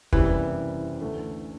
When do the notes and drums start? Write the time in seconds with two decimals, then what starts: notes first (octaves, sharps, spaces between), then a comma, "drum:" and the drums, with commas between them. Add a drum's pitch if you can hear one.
0.13 F#1 E2 C3 E3 G3, drum: kick
1.01 D2 D3 A3